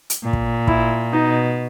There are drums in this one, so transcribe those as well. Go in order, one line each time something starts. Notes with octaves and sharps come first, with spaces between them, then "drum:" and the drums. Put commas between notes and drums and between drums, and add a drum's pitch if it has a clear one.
drum: hi-hat
A#2
drum: kick
E4, drum: kick
B2 D#4